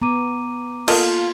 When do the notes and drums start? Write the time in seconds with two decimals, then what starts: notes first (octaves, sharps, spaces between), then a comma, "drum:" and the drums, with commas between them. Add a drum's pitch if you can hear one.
0.02 B3 A#5 D6 D#7
0.88 A#3 F4 A4 D#5, drum: cymbal